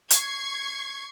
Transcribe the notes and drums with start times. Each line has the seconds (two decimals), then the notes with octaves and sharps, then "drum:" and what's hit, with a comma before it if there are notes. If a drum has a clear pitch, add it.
0.10 C#6 G#6 C7, drum: hi-hat